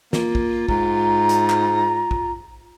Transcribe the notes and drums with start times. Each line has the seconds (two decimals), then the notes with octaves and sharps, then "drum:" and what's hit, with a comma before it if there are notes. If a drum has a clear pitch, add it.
0.13 A#3 F4, drum: snare
0.35 drum: kick
0.69 G#2 A#5, drum: kick
1.29 drum: hi-hat
1.50 drum: clap
2.11 drum: kick